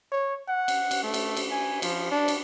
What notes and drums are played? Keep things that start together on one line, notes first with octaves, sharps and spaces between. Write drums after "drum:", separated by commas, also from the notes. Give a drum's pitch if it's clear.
C#5
F#5
drum: cymbal
drum: cymbal
A3
drum: cymbal
drum: cymbal
G#5
F3, drum: cymbal
D4
drum: cymbal